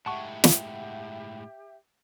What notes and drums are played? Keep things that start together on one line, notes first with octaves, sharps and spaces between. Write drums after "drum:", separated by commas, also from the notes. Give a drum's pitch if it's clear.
A2 G#3 G4 E5 F#5 A5 C#6
drum: snare